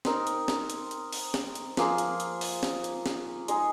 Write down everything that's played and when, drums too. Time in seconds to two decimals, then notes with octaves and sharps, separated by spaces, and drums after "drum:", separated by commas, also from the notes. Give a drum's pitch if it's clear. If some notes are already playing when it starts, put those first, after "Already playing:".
0.05 C4 D#4 A#4, drum: snare
0.27 drum: hi-hat
0.48 drum: snare
0.70 drum: hi-hat
0.91 drum: hi-hat
1.13 drum: open hi-hat
1.34 drum: snare
1.55 drum: hi-hat
1.77 F3 A#3 G#4 C5, drum: snare
1.98 drum: hi-hat
2.20 drum: hi-hat
2.41 drum: open hi-hat
2.63 drum: snare
2.84 drum: hi-hat
3.06 drum: snare
3.48 G#3 D#4 G#4, drum: hi-hat